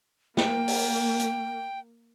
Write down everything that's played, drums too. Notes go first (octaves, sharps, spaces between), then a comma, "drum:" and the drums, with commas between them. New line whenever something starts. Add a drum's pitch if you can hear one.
A#3 G5, drum: snare
drum: open hi-hat
drum: hi-hat